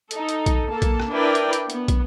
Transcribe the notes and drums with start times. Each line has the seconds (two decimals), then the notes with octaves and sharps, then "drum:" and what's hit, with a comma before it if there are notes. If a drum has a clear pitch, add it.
0.11 D#4 A4, drum: hi-hat
0.29 drum: hi-hat
0.46 drum: kick, hi-hat
0.71 A#3 A4 A5
0.82 drum: kick, hi-hat
1.00 drum: rim click
1.11 D4 E4 A#4 B4 D5 G5
1.35 drum: hi-hat
1.53 drum: hi-hat
1.70 B3, drum: hi-hat
1.88 drum: kick, hi-hat